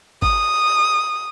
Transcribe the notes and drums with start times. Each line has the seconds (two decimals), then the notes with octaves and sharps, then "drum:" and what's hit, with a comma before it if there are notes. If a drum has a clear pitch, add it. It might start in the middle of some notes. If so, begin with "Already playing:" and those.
0.22 D#6, drum: kick G#1